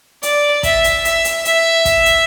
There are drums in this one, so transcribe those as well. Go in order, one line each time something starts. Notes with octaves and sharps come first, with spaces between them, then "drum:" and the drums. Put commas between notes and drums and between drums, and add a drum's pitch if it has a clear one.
D5, drum: hi-hat
E5, drum: kick, hi-hat
drum: hi-hat
E5, drum: hi-hat
drum: hi-hat
E5, drum: hi-hat
drum: kick, hi-hat
drum: hi-hat